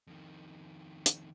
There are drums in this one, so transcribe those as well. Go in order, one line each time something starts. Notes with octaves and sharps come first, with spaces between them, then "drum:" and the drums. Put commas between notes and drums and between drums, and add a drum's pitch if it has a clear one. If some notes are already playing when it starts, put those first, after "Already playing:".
F2 D#3
drum: hi-hat